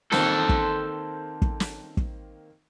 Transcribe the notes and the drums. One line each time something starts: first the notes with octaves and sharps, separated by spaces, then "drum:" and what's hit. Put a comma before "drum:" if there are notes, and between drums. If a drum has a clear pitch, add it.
D#3 A#3 C4 A4 C5, drum: snare
drum: kick
drum: kick
drum: snare
drum: kick